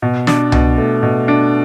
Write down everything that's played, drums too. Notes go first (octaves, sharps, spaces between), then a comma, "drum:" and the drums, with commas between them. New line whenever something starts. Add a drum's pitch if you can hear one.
B2
D4, drum: snare
B2, drum: tom C2
A3
B2
D4